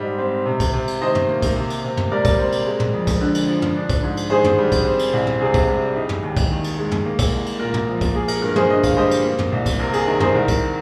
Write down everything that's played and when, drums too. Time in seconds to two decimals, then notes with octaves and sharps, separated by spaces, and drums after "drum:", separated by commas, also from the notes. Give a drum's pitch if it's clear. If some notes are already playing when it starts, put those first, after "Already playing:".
Already playing: G#2 G3 D#4 C5 D#5
0.19 C4
0.46 C3
0.60 drum: kick, cymbal
0.74 C3
0.88 drum: cymbal
1.01 D#3 C5 D#5
1.15 drum: tom
1.28 A#3
1.42 drum: kick, cymbal
1.56 C3
1.70 drum: cymbal
1.84 C3
1.97 drum: tom
2.12 G3 A#4 D5
2.25 drum: kick, cymbal
2.39 C4
2.52 drum: cymbal
2.65 G#3
2.80 drum: tom
2.94 F2
3.07 drum: kick, cymbal
3.21 D3
3.35 drum: cymbal
3.48 F3
3.62 drum: tom
3.76 D4
3.89 drum: kick, cymbal
4.03 G#2
4.17 drum: cymbal
4.30 D#3 G#4 C5
4.44 drum: tom
4.58 G3
4.72 drum: kick, cymbal
4.85 C4
4.99 drum: cymbal
5.13 C2
5.27 drum: tom
5.41 C3 G#4
5.54 drum: kick, cymbal
5.67 G3
5.96 D#4
6.09 drum: tom
6.23 D#2
6.37 drum: kick, cymbal
6.50 D#3
6.64 drum: cymbal
6.78 G#3
6.91 drum: tom
7.06 A#3
7.19 drum: kick, cymbal
7.32 C2
7.46 drum: cymbal
7.59 A#2 A#4
7.74 drum: tom
7.88 F3
8.01 drum: kick, cymbal
8.14 A#3 G#4
8.28 A#4, drum: cymbal
8.42 G2 A#4
8.56 G#4 C5, drum: tom
8.70 D3 D#5
8.84 F5, drum: kick, cymbal
8.97 G3 C5 D#5
9.11 drum: cymbal
9.25 A#3
9.38 drum: tom
9.52 C2
9.66 drum: kick, cymbal
9.79 C3 A#4
9.93 G#4, drum: cymbal
10.07 D#3 A#4
10.20 G#4 C5, drum: tom
10.35 C2 A#4
10.48 drum: kick, cymbal